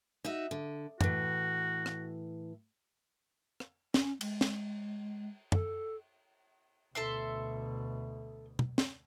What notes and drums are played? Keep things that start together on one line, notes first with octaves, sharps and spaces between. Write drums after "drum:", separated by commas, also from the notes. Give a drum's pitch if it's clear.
D#4 F#4 E5
D3
A2 E3 F#4, drum: tom
drum: rim click
drum: rim click
C#4, drum: snare
G#3, drum: cymbal
drum: snare
A4, drum: tom
D2 B2 A4 E5 C6
drum: tom
drum: snare